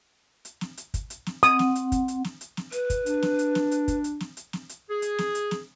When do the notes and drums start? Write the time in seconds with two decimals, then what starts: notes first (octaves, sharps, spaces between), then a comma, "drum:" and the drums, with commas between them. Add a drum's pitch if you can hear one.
0.45 drum: hi-hat
0.61 drum: snare
0.77 drum: hi-hat
0.94 drum: kick, hi-hat
1.10 drum: hi-hat
1.26 drum: snare
1.43 C4 F#5 D#6, drum: hi-hat
1.59 drum: snare
1.75 drum: hi-hat
1.92 drum: kick, hi-hat
2.08 drum: hi-hat
2.24 drum: snare
2.41 drum: hi-hat
2.57 drum: snare
2.72 B4, drum: hi-hat
2.90 drum: kick, hi-hat
3.06 D4, drum: hi-hat
3.22 drum: snare
3.39 drum: hi-hat
3.55 drum: snare
3.71 drum: hi-hat
3.88 drum: kick, hi-hat
4.04 drum: hi-hat
4.20 drum: snare
4.37 drum: hi-hat
4.53 drum: snare
4.69 drum: hi-hat
4.90 G#4
5.02 drum: hi-hat
5.18 drum: snare
5.35 drum: hi-hat
5.51 drum: snare